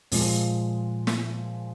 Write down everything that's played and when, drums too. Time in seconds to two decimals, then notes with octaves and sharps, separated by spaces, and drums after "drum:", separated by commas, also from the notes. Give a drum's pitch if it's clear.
0.12 A#2 F3 G#3, drum: open hi-hat
1.07 drum: snare